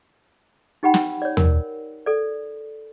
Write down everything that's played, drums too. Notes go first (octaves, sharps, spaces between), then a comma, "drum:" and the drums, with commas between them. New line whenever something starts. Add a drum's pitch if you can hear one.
D#4 G4 F#5 G5 B5
drum: snare
C#5 D5
A#4, drum: tom
A4 D5